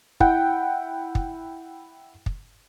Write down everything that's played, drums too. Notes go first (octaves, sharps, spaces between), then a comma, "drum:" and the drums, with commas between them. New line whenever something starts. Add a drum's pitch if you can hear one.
E4 F#5 G5, drum: kick
drum: kick
drum: kick